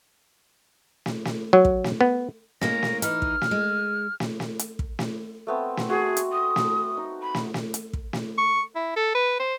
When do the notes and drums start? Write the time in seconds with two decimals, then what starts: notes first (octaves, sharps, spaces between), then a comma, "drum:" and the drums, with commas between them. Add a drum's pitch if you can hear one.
1.06 drum: snare
1.25 drum: snare
1.53 F#3
1.65 drum: kick
1.84 drum: snare
2.01 B3
2.61 G#3 A#3 C#4 A#6, drum: snare
2.83 drum: snare
3.02 E3 D#4 F6, drum: hi-hat
3.22 drum: kick
3.41 drum: snare
3.51 G#3
4.20 drum: snare
4.40 drum: snare
4.59 drum: hi-hat
4.79 drum: kick
4.99 drum: snare
5.47 A3 B3 C4
5.77 drum: snare
5.90 F#4 G#4
6.17 drum: hi-hat
6.32 D#6
6.56 drum: snare
6.97 D#4
7.22 B5
7.34 drum: snare
7.54 drum: snare
7.74 drum: hi-hat
7.93 drum: kick
8.13 drum: snare
8.38 C#6
8.76 E4
8.96 A4
9.15 B4
9.40 C5